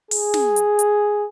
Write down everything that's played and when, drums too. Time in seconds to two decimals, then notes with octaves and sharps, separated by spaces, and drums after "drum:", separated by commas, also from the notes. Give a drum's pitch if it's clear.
0.11 G#4, drum: open hi-hat
0.34 drum: snare
0.56 drum: hi-hat
0.79 drum: hi-hat